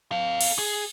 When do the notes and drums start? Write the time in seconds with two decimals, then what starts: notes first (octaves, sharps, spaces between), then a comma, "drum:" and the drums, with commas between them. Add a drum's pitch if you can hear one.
0.12 A4 F5
0.41 drum: cymbal
0.58 G#4